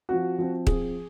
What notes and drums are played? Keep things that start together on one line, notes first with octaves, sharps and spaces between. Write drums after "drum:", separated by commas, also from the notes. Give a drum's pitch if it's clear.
F3 C4 F#4
F3 C4
F3 C4 G#4, drum: kick